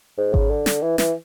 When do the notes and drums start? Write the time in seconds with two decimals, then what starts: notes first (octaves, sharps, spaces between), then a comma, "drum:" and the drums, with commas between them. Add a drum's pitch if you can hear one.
0.18 G#2
0.34 C#3, drum: kick G#1
0.50 D3
0.66 drum: snare
0.82 E3
0.98 E3, drum: snare